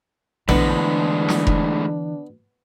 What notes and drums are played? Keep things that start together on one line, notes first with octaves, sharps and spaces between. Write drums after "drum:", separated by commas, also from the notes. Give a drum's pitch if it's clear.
A2 D3 E3 G#3 B3 D4, drum: tom A#1
drum: snare
drum: kick F1